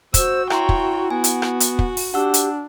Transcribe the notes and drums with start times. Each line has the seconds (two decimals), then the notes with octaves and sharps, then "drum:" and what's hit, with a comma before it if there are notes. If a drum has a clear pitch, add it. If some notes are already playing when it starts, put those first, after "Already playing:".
0.14 F#4 C5 E6, drum: kick, hi-hat
0.50 E4 C#5 E5 G5 A#5 C6, drum: rim click
0.69 drum: kick
1.11 B3 F#4 G#5
1.24 drum: hi-hat
1.42 drum: rim click
1.60 drum: hi-hat
1.79 drum: kick
1.97 drum: open hi-hat
2.14 D4 G4 F#5 E6
2.34 drum: hi-hat